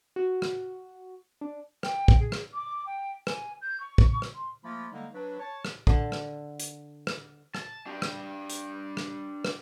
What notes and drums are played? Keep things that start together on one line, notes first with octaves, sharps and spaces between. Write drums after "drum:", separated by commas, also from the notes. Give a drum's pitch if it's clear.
F#4
drum: rim click
D4
G5, drum: rim click
drum: kick
G#4
drum: rim click
D6
G5
G#5, drum: rim click
G6
C#6
drum: kick
drum: rim click
C6
F3 A3 A#3 F4 B5
D3 G3 G#3 A#3 D#4
F#3 D4 B4
C#5 A5
drum: rim click
D3 A5, drum: kick
drum: rim click
drum: hi-hat
drum: rim click
A5, drum: rim click
D4 G4
drum: rim click
drum: hi-hat
drum: rim click
drum: rim click